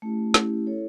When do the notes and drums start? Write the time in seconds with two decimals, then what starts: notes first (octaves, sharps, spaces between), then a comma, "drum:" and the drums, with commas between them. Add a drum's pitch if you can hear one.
0.02 A3 C#4 E4 G4
0.34 A3 C#4 E4 G4, drum: snare
0.66 E4 A4 C#5